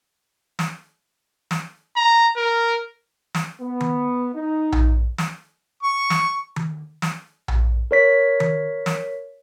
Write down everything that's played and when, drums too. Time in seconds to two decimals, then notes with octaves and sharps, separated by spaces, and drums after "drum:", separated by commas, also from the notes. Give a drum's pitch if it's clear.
0.59 drum: snare
1.51 drum: snare
1.97 A#5
2.37 A#4
3.35 drum: snare
3.61 B3
3.81 drum: tom D#3
4.35 D#4
4.72 drum: tom A#1
5.18 drum: snare
5.83 C#6
6.10 drum: snare
6.56 drum: tom D#3
7.02 drum: snare
7.48 drum: tom A#1
7.91 A#4 C#5 B6
8.40 drum: tom D#3
8.86 drum: snare